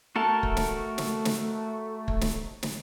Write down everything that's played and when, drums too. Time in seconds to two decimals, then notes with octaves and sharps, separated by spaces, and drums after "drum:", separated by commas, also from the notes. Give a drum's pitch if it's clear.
0.16 A3 F#4 A4 A#4 A5
0.43 drum: kick
0.57 drum: snare
0.98 drum: snare
1.25 drum: snare
2.08 drum: kick
2.22 drum: snare
2.63 drum: snare